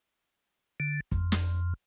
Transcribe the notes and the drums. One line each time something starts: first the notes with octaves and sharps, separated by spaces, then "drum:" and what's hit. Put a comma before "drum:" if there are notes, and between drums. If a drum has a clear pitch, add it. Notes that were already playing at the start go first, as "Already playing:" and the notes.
D3
F2, drum: kick
drum: snare